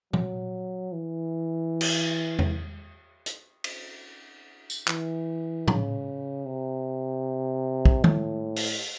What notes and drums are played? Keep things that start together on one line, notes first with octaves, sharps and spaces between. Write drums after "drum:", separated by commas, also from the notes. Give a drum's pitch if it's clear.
F#3, drum: tom A#2
E3
drum: cymbal
drum: tom E2
drum: hi-hat
drum: cymbal
drum: tambourine
E3, drum: clap
C#3, drum: tom A2
C3
drum: kick
A2, drum: tom D#3
drum: open hi-hat